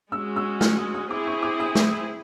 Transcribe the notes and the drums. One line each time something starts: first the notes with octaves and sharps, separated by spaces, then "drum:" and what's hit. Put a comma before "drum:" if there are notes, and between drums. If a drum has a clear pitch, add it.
G#3 C#4 F#4 E6
E6
F6, drum: snare A3
D#6
D#6
C4 E4 G#4 D6
C#6
D6
D#6
drum: snare A3